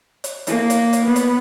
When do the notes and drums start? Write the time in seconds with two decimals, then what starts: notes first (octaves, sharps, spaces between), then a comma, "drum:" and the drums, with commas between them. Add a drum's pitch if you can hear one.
0.24 drum: hi-hat
0.47 A#3, drum: hi-hat
0.70 drum: hi-hat
0.93 drum: hi-hat
1.05 B3
1.16 drum: hi-hat